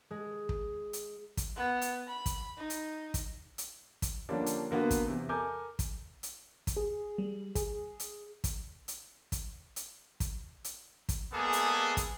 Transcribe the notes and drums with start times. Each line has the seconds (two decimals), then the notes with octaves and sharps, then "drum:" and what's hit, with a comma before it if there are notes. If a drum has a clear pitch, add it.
0.11 G#3
0.49 drum: kick
0.93 drum: hi-hat
1.37 drum: kick, hi-hat
1.57 B3
1.82 drum: hi-hat
2.08 B5
2.26 drum: kick, hi-hat
2.58 D#4
2.70 drum: hi-hat
3.14 drum: kick, hi-hat
3.58 drum: hi-hat
4.02 drum: kick, hi-hat
4.29 D3 F3 G3 A#3 C#4 D4
4.46 drum: hi-hat
4.71 D3 A#3 B3 F#4 B4
4.91 drum: kick, hi-hat
5.06 E2 C3
5.29 A4 A#4 G#5 D6 G6
5.79 drum: kick, hi-hat
6.23 drum: hi-hat
6.67 drum: kick, hi-hat
6.77 G#4
7.18 G3
7.55 G#4, drum: kick, hi-hat
8.00 drum: hi-hat
8.44 drum: kick, hi-hat
8.88 drum: hi-hat
9.32 drum: kick, hi-hat
9.76 drum: hi-hat
10.20 drum: kick, hi-hat
10.64 drum: hi-hat
11.09 drum: kick, hi-hat
11.32 G3 G#3 A#3 B3 G#4 A4
11.53 drum: hi-hat
11.97 drum: kick, hi-hat